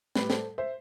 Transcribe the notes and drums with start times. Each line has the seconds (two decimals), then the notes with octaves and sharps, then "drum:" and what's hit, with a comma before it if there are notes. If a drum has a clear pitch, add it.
0.15 A2 G3 B4 D5, drum: snare
0.30 A4 C5, drum: snare
0.58 C5 E5